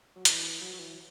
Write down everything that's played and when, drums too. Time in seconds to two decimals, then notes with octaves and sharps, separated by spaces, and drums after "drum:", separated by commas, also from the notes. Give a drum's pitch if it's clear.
0.16 F#3
0.25 E3, drum: hi-hat
0.43 E3
0.61 F#3
0.73 F#3
0.79 E3